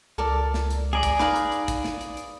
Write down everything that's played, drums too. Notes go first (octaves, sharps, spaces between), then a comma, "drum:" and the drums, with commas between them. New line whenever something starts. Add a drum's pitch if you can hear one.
C#2 A4 A#4 D5
drum: snare
drum: hi-hat
G#4 D5 A#5
drum: kick, hi-hat
D#4 B4 F5 A#5, drum: snare
drum: hi-hat
drum: hi-hat
drum: kick, hi-hat
drum: snare
drum: hi-hat
drum: hi-hat